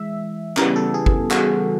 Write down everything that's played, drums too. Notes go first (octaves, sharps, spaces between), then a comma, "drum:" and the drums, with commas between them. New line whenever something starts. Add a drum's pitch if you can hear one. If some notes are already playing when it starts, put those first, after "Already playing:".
Already playing: E3 G#3 E5
C#3 E3 G3 B3 A#4, drum: clap
A4
G#4
drum: kick G1
F#4, drum: clap